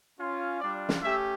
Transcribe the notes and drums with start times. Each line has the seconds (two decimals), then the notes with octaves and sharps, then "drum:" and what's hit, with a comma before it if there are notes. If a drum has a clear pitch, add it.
0.19 C#4 F4
0.61 G3 D4 F4 D5
0.89 drum: snare
1.02 A3 C#4 G4 E5